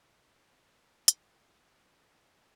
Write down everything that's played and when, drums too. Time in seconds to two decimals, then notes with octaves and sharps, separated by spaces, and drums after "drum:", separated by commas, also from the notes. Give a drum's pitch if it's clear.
0.18 F2
0.36 D#3
0.55 D4
1.08 C2, drum: hi-hat
1.46 C#2
1.67 A#1
1.83 F#2
2.26 D3